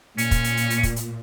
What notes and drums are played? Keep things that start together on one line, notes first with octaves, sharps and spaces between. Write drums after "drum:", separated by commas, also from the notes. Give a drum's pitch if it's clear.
A#2 C#4, drum: hi-hat
drum: kick, hi-hat
drum: hi-hat
drum: hi-hat
drum: hi-hat
drum: kick, hi-hat
drum: hi-hat